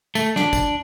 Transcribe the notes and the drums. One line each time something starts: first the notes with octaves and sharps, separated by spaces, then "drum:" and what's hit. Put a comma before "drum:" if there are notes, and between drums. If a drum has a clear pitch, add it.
A3, drum: tambourine
D4, drum: snare
drum: kick, tambourine